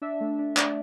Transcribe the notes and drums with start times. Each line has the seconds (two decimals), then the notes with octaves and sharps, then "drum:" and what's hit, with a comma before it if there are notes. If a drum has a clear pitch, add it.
0.02 D4 E5
0.20 A3
0.39 D4
0.57 D4 D5, drum: clap